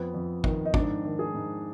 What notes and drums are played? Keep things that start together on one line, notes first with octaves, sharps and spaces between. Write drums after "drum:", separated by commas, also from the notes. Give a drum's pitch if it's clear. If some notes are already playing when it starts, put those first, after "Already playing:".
Already playing: F2 B3
F2
D#3, drum: kick
D#4
G#2 D4, drum: kick
D#3
G#4
G#2